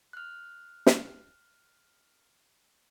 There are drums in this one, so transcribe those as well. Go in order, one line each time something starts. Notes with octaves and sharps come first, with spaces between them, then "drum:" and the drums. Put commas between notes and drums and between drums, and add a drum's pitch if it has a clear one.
F6 F#6
drum: snare